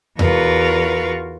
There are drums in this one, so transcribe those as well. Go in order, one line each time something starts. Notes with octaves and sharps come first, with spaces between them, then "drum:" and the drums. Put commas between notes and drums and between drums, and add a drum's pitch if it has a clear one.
E2 F4 F#4 A#4 B4 C#6, drum: tom E2